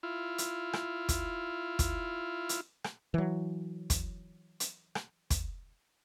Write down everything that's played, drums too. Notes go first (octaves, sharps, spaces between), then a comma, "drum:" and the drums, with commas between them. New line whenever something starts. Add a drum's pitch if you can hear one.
E4 F4
drum: hi-hat
drum: rim click
drum: kick, hi-hat
drum: kick, hi-hat
drum: hi-hat
drum: rim click
E3 F#3
drum: kick, hi-hat
drum: hi-hat
drum: rim click
drum: kick, hi-hat